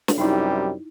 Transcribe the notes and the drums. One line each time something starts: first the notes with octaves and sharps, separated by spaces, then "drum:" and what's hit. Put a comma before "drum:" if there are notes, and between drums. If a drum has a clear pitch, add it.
drum: snare
F#2 C3 G3 D#4 E4